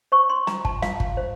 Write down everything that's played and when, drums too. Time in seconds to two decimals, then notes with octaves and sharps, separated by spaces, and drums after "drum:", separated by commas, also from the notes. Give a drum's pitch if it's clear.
0.12 C5 C#6
0.30 C6
0.47 F4 A#5, drum: snare
0.65 A5, drum: kick G1
0.82 F4 F5, drum: snare
1.00 drum: kick G1
1.17 C5